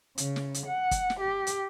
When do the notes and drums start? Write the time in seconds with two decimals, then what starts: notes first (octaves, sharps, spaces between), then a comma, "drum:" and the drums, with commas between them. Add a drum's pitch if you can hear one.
0.18 C#3, drum: hi-hat
0.36 drum: snare
0.54 drum: hi-hat
0.67 F#5
0.91 drum: kick, hi-hat
1.10 drum: snare
1.20 G4
1.47 drum: hi-hat